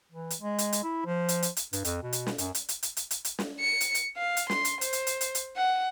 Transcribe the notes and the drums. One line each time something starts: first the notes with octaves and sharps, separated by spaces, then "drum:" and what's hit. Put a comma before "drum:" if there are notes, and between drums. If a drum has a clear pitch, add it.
E3
drum: hi-hat
G#3
drum: hi-hat
drum: hi-hat
E4
F3
drum: hi-hat
drum: hi-hat
drum: hi-hat
G2, drum: hi-hat
F2, drum: hi-hat
B2
drum: hi-hat
drum: snare
F#2, drum: hi-hat
drum: hi-hat
drum: hi-hat
drum: hi-hat
drum: hi-hat
drum: hi-hat
drum: hi-hat
drum: snare
C#7
drum: hi-hat
drum: hi-hat
F5
drum: hi-hat
C6, drum: snare
drum: hi-hat
C5, drum: hi-hat
drum: hi-hat
drum: hi-hat
drum: hi-hat
drum: hi-hat
F#5